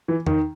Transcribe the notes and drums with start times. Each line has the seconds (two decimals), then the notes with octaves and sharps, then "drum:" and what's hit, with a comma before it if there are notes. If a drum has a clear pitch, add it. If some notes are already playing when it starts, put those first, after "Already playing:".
0.08 E3
0.26 D#3, drum: tom